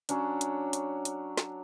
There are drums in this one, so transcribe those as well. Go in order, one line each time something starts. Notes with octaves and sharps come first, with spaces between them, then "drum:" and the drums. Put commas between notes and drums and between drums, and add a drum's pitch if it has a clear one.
F#3 C#4 D4, drum: hi-hat
drum: hi-hat
drum: hi-hat
drum: hi-hat
drum: snare